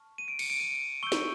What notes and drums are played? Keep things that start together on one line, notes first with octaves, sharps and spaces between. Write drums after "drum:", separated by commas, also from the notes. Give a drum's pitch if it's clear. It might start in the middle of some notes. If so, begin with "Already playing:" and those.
Already playing: A5 C#6 F6
D#7
D7
C#7, drum: cymbal
D7
D#7
C#6 E6 G6 G7
drum: snare